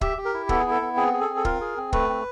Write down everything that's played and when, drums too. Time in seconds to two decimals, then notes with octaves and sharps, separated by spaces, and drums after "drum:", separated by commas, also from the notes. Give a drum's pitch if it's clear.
0.01 G4 E5, drum: kick
0.17 G4
0.25 A#4
0.34 E4
0.49 B3 A4, drum: kick
0.60 G#4
0.66 E4 A4
0.81 B3
0.97 C4 G#4
1.13 G#4
1.21 A4
1.29 C4
1.37 A4
1.45 F4 A#4, drum: kick
1.61 G#4
1.77 C4
1.93 A3 B4, drum: kick
2.09 C4